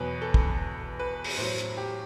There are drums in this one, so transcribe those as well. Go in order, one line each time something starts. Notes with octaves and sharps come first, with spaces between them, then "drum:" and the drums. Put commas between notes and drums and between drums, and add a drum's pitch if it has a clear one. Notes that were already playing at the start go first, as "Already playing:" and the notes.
Already playing: E2 B2 F#3 B4
A4
drum: kick
B4
drum: open hi-hat
A2 F#3 C5
drum: hi-hat
G4